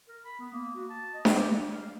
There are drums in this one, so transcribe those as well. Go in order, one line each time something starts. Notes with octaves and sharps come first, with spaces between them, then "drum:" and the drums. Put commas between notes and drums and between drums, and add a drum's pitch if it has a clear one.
A#4
B5
B3
A#3
F#4
A5
D#5
drum: snare D4
G4
A3
F5
G3